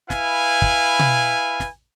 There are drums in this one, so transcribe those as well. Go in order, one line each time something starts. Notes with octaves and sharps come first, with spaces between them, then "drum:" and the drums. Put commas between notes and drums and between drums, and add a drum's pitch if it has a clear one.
E4 B4 F5 G#5, drum: snare
drum: kick
drum: tom B2
drum: snare